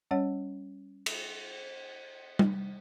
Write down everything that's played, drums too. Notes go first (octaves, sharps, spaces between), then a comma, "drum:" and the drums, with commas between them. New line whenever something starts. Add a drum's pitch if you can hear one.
G3 C#4 C#5 F#5
drum: cymbal
drum: tom G3